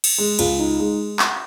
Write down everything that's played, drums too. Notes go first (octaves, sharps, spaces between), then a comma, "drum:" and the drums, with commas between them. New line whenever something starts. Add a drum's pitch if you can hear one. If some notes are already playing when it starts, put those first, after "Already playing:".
drum: cymbal
G#3
C#2, drum: cymbal
D#4
G#3
drum: clap